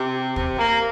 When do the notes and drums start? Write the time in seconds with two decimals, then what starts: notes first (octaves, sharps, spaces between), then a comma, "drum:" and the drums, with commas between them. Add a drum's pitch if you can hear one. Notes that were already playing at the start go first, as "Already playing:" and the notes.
Already playing: C3
0.36 C3, drum: kick
0.58 A#3